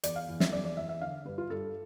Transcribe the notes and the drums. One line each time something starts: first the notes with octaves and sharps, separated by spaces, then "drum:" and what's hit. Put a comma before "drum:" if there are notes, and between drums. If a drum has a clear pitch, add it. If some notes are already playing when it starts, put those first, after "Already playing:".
E2 D5, drum: hi-hat
F5
E2
E5, drum: snare
E2 D5
D5
E2 E5
E5
D3 F5
G2 B4
F4
G2 A4